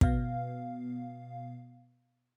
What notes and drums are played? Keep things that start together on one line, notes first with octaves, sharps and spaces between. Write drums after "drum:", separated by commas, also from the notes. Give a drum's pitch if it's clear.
B2 B3 F5, drum: kick